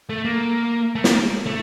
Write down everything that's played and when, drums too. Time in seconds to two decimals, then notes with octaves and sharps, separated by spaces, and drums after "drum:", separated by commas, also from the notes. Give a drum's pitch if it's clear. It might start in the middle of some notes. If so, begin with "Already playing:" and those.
0.09 A3
0.25 A#3
0.95 A3
1.04 A#3, drum: snare
1.47 A3